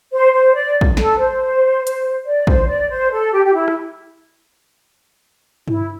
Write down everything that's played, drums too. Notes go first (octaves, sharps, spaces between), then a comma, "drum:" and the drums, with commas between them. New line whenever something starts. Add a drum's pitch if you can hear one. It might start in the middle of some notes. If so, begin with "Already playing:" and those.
C5
C5
D5
drum: kick
A4, drum: snare
C5
drum: hi-hat
D5
C5, drum: kick
D5
C5
A4
G4
G4
E4
drum: rim click
E4, drum: tom G2